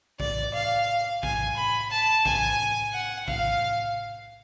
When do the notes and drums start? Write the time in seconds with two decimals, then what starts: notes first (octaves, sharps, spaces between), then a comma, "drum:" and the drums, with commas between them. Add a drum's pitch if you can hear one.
0.20 D5, drum: kick
0.54 F5
1.23 G#5, drum: kick
1.57 B5
1.91 A5
2.26 G#5, drum: kick
2.94 F#5
3.28 F5, drum: kick